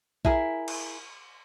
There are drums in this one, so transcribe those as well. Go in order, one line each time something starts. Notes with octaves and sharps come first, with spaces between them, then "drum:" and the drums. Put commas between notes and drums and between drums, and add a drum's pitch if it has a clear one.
E4 G#4 A#4, drum: kick A#1
drum: cymbal